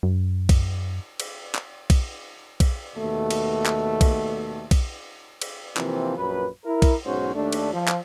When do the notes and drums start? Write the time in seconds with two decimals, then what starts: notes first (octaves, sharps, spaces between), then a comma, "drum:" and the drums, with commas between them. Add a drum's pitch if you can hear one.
0.03 F#2
0.49 drum: kick, cymbal
1.20 drum: cymbal
1.55 drum: clap
1.90 drum: kick, cymbal
2.60 drum: kick, cymbal
2.97 D#2 B2 A3
3.31 drum: cymbal
3.66 drum: clap
4.01 drum: kick, cymbal
4.71 drum: kick, cymbal
5.42 drum: cymbal
5.77 C3 E3 F3 A#3 C4, drum: clap
6.18 A#1 F#2 B4
6.65 E4 A#4
6.82 drum: kick, cymbal
7.06 B1 G#2 C#4 F#4 C5
7.35 D#2 A3 D4
7.52 drum: cymbal
7.74 F3
7.88 drum: clap